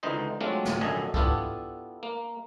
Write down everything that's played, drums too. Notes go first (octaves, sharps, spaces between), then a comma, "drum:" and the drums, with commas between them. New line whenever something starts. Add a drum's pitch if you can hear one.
C#2 D3 E3 D#4 C5 D#5
F#3 G#3 A3 C4 D4 F4
drum: snare
A#1 F#2 D3 D#5 G#5
B3 D4 E4 F4 G4 A4, drum: kick C#2
A#3